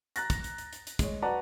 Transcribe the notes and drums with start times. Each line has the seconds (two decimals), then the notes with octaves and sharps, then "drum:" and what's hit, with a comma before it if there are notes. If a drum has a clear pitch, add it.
0.16 A#5 F#6 A6 A#6, drum: hi-hat
0.30 drum: kick, hi-hat
0.44 drum: hi-hat
0.58 drum: hi-hat
0.73 drum: hi-hat
0.87 drum: hi-hat
0.99 G#3 C#5, drum: kick, hi-hat
1.22 F#4 B4 D5 A5 A#5